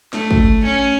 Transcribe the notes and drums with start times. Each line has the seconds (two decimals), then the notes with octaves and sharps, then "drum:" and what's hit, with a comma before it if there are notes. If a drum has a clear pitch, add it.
0.13 A3, drum: snare
0.31 drum: kick
0.65 C#4